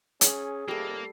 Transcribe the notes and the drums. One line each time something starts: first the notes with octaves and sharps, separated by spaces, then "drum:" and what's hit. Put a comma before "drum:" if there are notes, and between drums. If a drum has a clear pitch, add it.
C#4 G#4, drum: hi-hat
F1 G3 A#3 A4